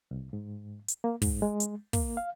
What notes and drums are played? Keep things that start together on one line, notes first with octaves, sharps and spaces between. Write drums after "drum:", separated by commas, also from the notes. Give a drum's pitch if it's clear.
C2
G#2
drum: hi-hat
A#3
G#2, drum: kick, open hi-hat
G#3
drum: hi-hat
A#3, drum: kick, open hi-hat
F5